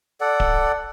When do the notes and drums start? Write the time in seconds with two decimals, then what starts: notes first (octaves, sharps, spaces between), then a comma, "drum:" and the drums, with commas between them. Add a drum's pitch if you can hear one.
0.21 A4 D5 F#5
0.40 drum: kick D1